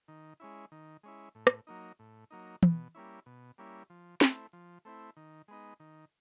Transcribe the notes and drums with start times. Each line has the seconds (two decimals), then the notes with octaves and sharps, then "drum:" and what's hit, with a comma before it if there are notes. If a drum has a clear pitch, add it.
0.08 D#3
0.40 G#3 C#4 E4
0.72 D#3
1.03 G#3 C#4 E4
1.35 A2
1.47 drum: rim click
1.67 F#3 A#3 D#4
1.99 A2
2.31 F#3 A#3 D#4
2.63 B2, drum: tom
2.95 G3 A#3 C#4 E4
3.26 B2
3.58 G3 A#3 C#4 E4
3.90 F3
4.21 A3 C4 E4, drum: snare
4.53 F3
4.85 A3 C4 E4
5.17 D#3
5.48 G#3 B3 D#4
5.80 D#3